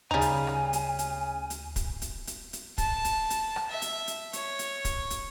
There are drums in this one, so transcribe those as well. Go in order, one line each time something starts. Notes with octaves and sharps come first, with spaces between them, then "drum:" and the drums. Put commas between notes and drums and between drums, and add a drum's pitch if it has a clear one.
D2 C#3 G3 D#4 G#5 F7
drum: hi-hat
drum: rim click
drum: hi-hat
drum: hi-hat
drum: hi-hat
drum: kick, hi-hat
drum: hi-hat
drum: hi-hat
drum: hi-hat
A5, drum: kick, hi-hat
drum: hi-hat
drum: hi-hat
drum: rim click
E5
drum: hi-hat
drum: hi-hat
C#5, drum: hi-hat
drum: hi-hat
drum: kick, hi-hat
drum: hi-hat